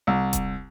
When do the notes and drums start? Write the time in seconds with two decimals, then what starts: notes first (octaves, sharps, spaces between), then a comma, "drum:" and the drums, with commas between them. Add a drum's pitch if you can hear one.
0.07 C2
0.33 drum: kick D#1, hi-hat